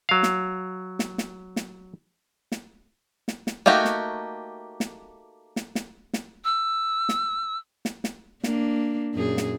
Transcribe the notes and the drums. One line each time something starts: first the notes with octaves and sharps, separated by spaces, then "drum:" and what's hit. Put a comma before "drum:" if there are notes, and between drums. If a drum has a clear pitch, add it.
F#3 F5
drum: snare
drum: snare
drum: snare
drum: snare
drum: snare
drum: snare
drum: snare
A3 A#3 D#4 F#4 G4
drum: snare
drum: snare
drum: snare
drum: snare
drum: snare
E6
drum: snare
drum: snare
drum: snare
A#3 D4, drum: snare
F#2 A#2 G#4
drum: snare